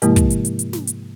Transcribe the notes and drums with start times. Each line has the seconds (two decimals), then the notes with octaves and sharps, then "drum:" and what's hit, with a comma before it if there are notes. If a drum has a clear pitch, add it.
0.02 G#2 C3 F3 G#3 A#3 E4, drum: hi-hat
0.16 drum: kick, hi-hat
0.30 drum: hi-hat
0.45 drum: hi-hat
0.59 drum: hi-hat
0.73 drum: snare
0.87 drum: hi-hat